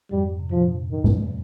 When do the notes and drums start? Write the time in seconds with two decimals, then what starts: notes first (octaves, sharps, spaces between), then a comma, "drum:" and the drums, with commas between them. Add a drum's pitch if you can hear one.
0.11 F2 G#2 G3
0.40 C3
0.51 G2 A#2 F3
0.91 D#3
1.04 drum: tom G#2